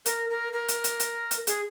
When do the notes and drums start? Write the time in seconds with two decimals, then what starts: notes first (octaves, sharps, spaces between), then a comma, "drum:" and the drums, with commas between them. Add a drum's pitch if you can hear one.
0.06 A#4, drum: hi-hat
0.30 A#4
0.53 A#4
0.68 drum: hi-hat
0.84 drum: hi-hat
1.00 drum: hi-hat
1.31 drum: hi-hat
1.47 G#4, drum: hi-hat